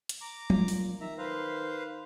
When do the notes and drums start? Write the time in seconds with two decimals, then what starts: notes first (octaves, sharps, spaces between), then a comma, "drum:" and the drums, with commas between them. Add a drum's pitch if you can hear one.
0.09 drum: hi-hat
0.21 A#5 D6
0.50 A#2, drum: tom F3
0.68 drum: open hi-hat
1.01 D#3 E5 A#5
1.18 B4 C5 F5